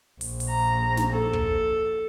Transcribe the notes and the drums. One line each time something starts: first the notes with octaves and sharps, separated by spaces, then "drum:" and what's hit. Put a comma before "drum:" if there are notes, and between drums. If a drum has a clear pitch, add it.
A#1, drum: open hi-hat
drum: open hi-hat
A#5
drum: snare
A4
drum: kick